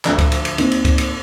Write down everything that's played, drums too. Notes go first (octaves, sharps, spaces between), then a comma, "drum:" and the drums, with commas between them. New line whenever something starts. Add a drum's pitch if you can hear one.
D2 D3 F3 D4, drum: clap
drum: kick C#2, cymbal
drum: cymbal
drum: cymbal
D#2 D#3 C4, drum: cymbal
drum: cymbal
drum: kick C#2, cymbal
drum: cymbal